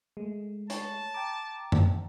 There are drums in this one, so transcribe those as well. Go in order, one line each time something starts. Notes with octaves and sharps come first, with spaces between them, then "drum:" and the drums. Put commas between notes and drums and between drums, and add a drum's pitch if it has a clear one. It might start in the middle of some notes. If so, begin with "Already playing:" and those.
G#3 A3
C#5 A5, drum: hi-hat
G5 A#5 D6
drum: tom F#2